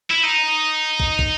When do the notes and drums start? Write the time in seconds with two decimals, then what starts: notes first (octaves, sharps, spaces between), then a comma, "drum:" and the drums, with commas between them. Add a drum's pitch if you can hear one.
0.10 E4
0.23 D#4
1.00 drum: kick
1.19 drum: kick